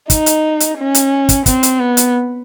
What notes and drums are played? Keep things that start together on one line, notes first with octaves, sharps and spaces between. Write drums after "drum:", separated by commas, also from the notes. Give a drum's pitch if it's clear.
D#4, drum: kick, hi-hat
drum: hi-hat
drum: hi-hat
C#4
drum: hi-hat
drum: kick, hi-hat
C4, drum: kick, hi-hat
drum: hi-hat
B3
drum: hi-hat